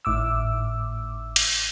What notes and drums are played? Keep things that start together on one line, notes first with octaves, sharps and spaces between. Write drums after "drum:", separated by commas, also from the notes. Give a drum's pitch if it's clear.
G#1 A2 D6 E6
drum: cymbal